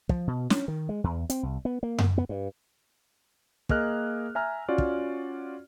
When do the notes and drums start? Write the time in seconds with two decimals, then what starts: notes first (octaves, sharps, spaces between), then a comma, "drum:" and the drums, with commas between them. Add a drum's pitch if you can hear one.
0.09 F3, drum: kick
0.27 B2
0.50 C#4, drum: snare
0.68 D#3
0.89 G#3
1.04 E2
1.30 C4, drum: hi-hat
1.43 C2
1.65 B3
1.83 A#3
1.98 drum: tom F#2
2.18 B3
2.29 G2
3.69 A#3 G#4 A#4 D#5 F6 F#6, drum: kick
4.35 E5 G#5 A#5 F6
4.69 C#4 F4 F#4 D5
4.78 drum: kick